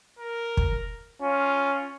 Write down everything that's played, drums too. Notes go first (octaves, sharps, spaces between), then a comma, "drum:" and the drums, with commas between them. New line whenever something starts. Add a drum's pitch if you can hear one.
A#4
drum: kick
C#4 F4